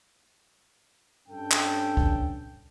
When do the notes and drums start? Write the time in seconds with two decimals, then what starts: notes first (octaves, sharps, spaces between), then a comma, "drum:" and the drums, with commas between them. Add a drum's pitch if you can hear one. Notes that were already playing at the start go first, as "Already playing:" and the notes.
1.28 G2 C#4 D4 A4 G5
1.51 drum: clap
1.97 drum: kick